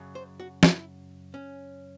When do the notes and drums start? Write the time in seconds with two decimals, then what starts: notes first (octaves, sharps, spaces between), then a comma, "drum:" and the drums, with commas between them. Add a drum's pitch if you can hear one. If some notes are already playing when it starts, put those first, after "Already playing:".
Already playing: F#2 C#3 F#3
0.15 C5
0.40 F#4
0.63 E4, drum: snare
1.34 C#4